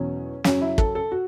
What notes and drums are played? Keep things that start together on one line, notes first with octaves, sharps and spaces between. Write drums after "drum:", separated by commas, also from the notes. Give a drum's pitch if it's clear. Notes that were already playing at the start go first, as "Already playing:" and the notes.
Already playing: E2 B2 F#3 C#4
F#2 C#3 F#3 C#4, drum: snare
E4
A4, drum: kick
A4
F#4